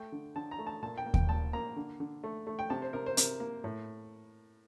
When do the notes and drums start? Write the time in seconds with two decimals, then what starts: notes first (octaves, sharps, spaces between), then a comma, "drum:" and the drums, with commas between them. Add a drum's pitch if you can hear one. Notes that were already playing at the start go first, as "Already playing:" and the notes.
Already playing: A3 G5
0.12 D3
0.36 D3 A5
0.51 A#5
0.59 A3
0.67 A5
0.83 A#2 A5
0.98 G5
1.06 A#3
1.14 G5, drum: kick D#2
1.29 A#2 A5
1.53 A#3 A#5
1.76 D3
2.00 D3
2.24 A3
2.47 A3
2.59 G5
2.70 C3 A5
2.82 C5
2.93 C3 A#4
3.06 C5
3.17 C3 A#4, drum: hi-hat
3.40 A#3
3.64 A2